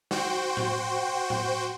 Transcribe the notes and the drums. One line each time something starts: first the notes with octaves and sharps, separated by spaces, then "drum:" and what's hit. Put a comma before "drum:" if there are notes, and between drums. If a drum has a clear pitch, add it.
F#4 C5 G5, drum: snare
drum: tom A2
drum: tom A2